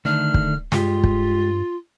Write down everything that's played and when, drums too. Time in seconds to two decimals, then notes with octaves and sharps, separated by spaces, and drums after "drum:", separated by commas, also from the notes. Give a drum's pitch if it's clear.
0.05 D3 D#3 A3 D4 F6
0.34 drum: kick
0.72 G2 G#3 F4 G4, drum: snare
1.04 drum: kick